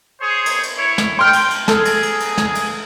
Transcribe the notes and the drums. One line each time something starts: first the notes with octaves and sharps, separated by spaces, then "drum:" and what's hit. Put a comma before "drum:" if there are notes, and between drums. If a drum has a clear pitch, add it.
G#4 C5 C#5
drum: cymbal
drum: cymbal
E4 C#5
drum: snare
G5 C6 F6
drum: cymbal
drum: cymbal
G#4 A4, drum: snare
drum: cymbal
drum: cymbal
drum: cymbal
drum: snare
drum: cymbal